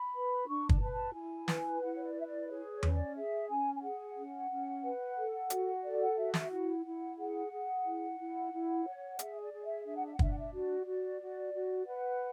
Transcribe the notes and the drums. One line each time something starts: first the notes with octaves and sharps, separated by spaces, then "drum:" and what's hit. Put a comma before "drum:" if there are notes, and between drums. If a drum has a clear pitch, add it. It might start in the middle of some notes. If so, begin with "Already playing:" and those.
Already playing: B5
B4
D4 C#6
A5, drum: kick
B4
A5
E4 G#5
B4, drum: snare
E4 F#5
C#5
D5
B4 E5
D5
G#4 C#5
C#5
C#4, drum: tom E2
D5
G#4 E5
C#4 G#5
G#5
G#4 F#5
C#4
C#4
B4
A4
F#4, drum: hi-hat
A4 D5
F#5
F#4 E5
E5, drum: snare
E4 F#5
E4
G#4 F#5
G#4
E4
E4
E4
C#5
G#4 E5, drum: hi-hat
D5
G#4
E5
D4 E5
F#5
E5
F#5
D4 E5, drum: kick
F#5
E5
F#4 D5
F#4
F#4
F#4
B4 F#5